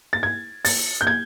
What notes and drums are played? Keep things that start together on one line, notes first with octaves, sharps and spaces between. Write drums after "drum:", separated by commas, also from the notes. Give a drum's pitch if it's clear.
A6
G#6
A6, drum: open hi-hat
G6
G#6